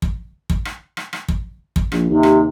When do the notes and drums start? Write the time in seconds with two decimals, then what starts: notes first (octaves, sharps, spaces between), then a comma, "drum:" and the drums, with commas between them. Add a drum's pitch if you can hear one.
0.02 drum: kick
0.50 drum: kick
0.65 drum: rim click
0.97 drum: rim click
1.13 drum: rim click
1.28 drum: kick
1.76 drum: kick
1.92 A#1, drum: rim click
2.09 D#2 C3
2.23 drum: rim click